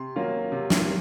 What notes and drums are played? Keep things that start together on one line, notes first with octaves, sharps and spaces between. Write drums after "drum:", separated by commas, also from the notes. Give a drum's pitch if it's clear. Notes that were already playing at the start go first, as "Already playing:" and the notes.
Already playing: C3 C6
F#3 A#3 C#4 F4
C3
drum: snare